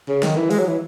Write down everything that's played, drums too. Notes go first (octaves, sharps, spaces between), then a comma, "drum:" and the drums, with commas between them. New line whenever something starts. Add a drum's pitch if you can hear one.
C#3
D#3, drum: snare
E3
G#3, drum: open hi-hat
F#3
E3